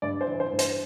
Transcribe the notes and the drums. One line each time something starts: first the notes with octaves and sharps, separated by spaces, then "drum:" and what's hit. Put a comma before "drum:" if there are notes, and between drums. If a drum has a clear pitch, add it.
G2 D5
C5
E3
C5
G2
C5, drum: hi-hat